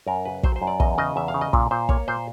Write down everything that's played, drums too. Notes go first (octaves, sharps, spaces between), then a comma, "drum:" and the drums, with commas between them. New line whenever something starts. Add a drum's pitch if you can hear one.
F#2 A#4
C#3 B4
F#3 C5, drum: kick
C5
F#2
D5
E2 D#5, drum: kick
C#3 D#5
E2 E5
F5
C#3
D#5
A#2, drum: kick
A#2 C5
A#3 C#5, drum: kick
A#2 C5